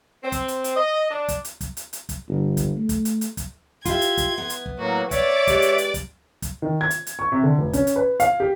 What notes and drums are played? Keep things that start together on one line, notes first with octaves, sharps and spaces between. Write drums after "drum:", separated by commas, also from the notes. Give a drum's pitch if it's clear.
C4
drum: kick, hi-hat
drum: hi-hat
drum: hi-hat
D#5
D4
drum: kick, hi-hat
drum: hi-hat
drum: kick, hi-hat
drum: hi-hat
drum: hi-hat
drum: kick, hi-hat
G1
drum: kick, hi-hat
A3
drum: kick, hi-hat
drum: hi-hat
drum: hi-hat
drum: kick, hi-hat
F4 G4 E5 C6 G#6, drum: kick, hi-hat
drum: hi-hat
drum: kick, hi-hat
B3
drum: hi-hat
drum: kick
A2 F#3 A#3 F#4
C#5 D5 E5 D6, drum: kick, hi-hat
G#3 G4 B4, drum: kick, hi-hat
drum: hi-hat
drum: hi-hat
drum: kick, hi-hat
drum: kick, hi-hat
D#3
G#6
drum: hi-hat
drum: hi-hat
C#6
C3
D3
F1
C#4, drum: kick, hi-hat
drum: hi-hat
B4
F5, drum: hi-hat
G4